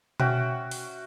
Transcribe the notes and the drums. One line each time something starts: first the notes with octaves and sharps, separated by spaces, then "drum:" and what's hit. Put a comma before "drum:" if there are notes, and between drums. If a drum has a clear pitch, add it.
C#4 F#4 E5 G5, drum: tom B2
drum: open hi-hat